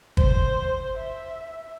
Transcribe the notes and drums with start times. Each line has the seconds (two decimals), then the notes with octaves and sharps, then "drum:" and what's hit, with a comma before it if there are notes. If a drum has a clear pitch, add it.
0.17 C5, drum: kick
0.96 E5